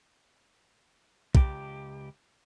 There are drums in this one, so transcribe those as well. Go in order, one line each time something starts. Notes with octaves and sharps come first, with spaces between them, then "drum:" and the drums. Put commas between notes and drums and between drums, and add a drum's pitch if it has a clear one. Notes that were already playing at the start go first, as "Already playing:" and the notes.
C#2 G4, drum: kick